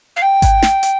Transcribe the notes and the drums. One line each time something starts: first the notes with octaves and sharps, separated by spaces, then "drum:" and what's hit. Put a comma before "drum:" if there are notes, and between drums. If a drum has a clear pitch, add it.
F5
G5
drum: kick G#1, hi-hat
drum: snare
drum: hi-hat